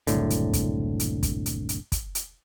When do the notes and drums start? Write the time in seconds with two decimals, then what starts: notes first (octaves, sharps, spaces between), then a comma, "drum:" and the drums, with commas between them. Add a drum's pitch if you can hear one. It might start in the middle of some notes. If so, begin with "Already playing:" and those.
0.07 F#1 C2 A2 D3, drum: hi-hat
0.30 drum: hi-hat
0.53 drum: kick, hi-hat
1.00 drum: hi-hat
1.23 drum: kick, hi-hat
1.46 drum: hi-hat
1.69 drum: hi-hat
1.92 drum: kick, hi-hat
2.15 drum: hi-hat